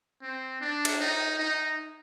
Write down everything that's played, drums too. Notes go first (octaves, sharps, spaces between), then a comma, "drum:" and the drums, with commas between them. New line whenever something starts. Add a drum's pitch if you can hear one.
C4
D4
drum: cymbal
D#4
D#4